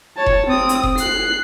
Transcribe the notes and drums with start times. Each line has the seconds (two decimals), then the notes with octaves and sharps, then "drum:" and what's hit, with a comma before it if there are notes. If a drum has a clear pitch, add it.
0.17 C#5 A5
0.26 drum: kick F1
0.46 C4 D#6
0.69 drum: hi-hat
0.83 drum: kick F1
0.98 F#6 C7, drum: hi-hat